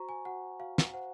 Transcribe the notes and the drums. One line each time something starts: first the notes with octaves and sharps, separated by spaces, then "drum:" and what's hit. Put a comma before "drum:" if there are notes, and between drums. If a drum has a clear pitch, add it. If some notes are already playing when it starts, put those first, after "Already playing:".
Already playing: F#4 C5 A#5 C#6
G#5
F#4 F#5
F#4 F5
drum: snare
C5 F#5